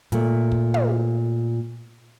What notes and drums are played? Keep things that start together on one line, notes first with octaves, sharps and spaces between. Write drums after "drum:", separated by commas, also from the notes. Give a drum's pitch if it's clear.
A#2 A3, drum: hi-hat
drum: kick
drum: tom